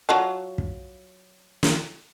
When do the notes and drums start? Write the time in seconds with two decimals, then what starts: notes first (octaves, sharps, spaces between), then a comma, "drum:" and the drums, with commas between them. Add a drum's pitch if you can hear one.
0.09 F#3 F4 A5
0.58 drum: kick
1.63 drum: snare